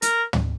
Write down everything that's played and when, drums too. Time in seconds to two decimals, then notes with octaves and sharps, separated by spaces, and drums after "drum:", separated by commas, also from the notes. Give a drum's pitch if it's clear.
0.02 A#4, drum: hi-hat
0.33 drum: tom